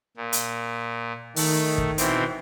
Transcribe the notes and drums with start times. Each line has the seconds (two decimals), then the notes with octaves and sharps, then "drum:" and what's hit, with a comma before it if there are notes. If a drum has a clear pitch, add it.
0.17 A#2
0.33 drum: hi-hat
1.36 D#3 A3, drum: open hi-hat
1.78 drum: kick
1.98 B2 E3 C4, drum: hi-hat